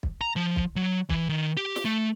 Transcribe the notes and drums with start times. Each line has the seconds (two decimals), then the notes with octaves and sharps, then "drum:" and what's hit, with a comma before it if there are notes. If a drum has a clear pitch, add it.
0.03 drum: kick
0.21 A#5
0.36 F3
0.56 drum: kick
0.76 F#3
1.09 E3, drum: kick
1.29 D#3
1.57 G4
1.76 drum: snare
1.85 A3